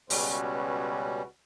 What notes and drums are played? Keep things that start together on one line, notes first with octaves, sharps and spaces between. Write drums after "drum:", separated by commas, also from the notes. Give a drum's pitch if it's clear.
C#2 B2 G3 C#4 F#4 B4, drum: open hi-hat